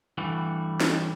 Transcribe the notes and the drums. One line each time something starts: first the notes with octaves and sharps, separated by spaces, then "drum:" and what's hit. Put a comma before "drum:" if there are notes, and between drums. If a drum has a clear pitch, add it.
G2 E3 G3 A3 F#4
drum: snare